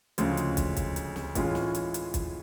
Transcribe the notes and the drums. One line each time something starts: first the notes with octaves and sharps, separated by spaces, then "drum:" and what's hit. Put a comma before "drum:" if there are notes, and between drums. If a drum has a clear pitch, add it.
D2 C#3 F3 G#3, drum: hi-hat
drum: hi-hat
drum: kick, hi-hat
drum: kick, hi-hat
drum: hi-hat
drum: snare
A2 E3 G#3 C#4 F4, drum: kick, hi-hat
drum: snare
drum: hi-hat
drum: hi-hat
drum: kick, hi-hat